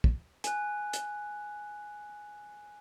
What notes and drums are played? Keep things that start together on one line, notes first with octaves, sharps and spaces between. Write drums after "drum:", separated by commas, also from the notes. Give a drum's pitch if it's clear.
drum: kick
G#5 F#6, drum: hi-hat
drum: hi-hat